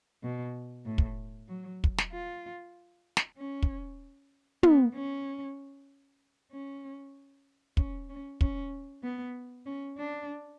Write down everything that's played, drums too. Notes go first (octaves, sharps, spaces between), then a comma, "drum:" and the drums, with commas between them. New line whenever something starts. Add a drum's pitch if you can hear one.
B2
A2
drum: kick
F#3
drum: kick
drum: snare
F4
drum: snare
C#4
drum: kick
B3, drum: tom
C#4
C#4
C#4, drum: kick
C#4
C#4, drum: kick
B3
C#4
D4